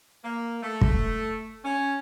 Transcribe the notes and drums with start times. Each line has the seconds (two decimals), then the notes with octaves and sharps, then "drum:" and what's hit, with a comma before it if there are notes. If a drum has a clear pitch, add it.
0.24 A#3
0.63 A3
0.81 drum: kick
1.64 C#4